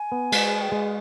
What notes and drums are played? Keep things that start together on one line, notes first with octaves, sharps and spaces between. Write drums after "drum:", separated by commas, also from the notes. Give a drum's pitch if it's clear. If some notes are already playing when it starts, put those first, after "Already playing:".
Already playing: G#5
B3
G#3, drum: cymbal
G5
G#3 G#5